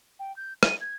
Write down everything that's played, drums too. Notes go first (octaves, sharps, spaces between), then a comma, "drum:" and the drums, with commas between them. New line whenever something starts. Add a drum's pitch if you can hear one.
G5
G6
D#7, drum: rim click
G#6